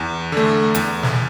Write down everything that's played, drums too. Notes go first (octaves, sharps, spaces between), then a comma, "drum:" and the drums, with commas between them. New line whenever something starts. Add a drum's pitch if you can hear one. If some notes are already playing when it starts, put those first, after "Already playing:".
Already playing: E2
D3 A3
E2, drum: hi-hat
drum: snare